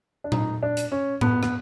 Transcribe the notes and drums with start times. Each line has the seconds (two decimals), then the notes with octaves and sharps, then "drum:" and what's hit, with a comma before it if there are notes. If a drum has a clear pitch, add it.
0.24 D4
0.32 D#4, drum: tom A#2
0.63 D4
0.77 drum: hi-hat
0.92 C#4
1.21 B3, drum: tom A2
1.43 B3, drum: rim click